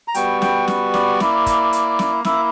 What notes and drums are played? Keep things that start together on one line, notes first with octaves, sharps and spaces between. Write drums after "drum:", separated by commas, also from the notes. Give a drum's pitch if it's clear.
A#5
G3 B3 F#4 G5, drum: hi-hat
G5, drum: snare
drum: snare
D5, drum: snare
A#3 E4, drum: snare
drum: kick, hi-hat
drum: hi-hat
drum: snare
A#3 E4 E5, drum: snare